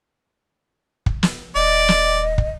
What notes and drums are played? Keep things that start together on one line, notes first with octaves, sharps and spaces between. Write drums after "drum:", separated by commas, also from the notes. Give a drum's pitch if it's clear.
drum: kick
drum: snare
D#1 D5 D#5
drum: snare
drum: kick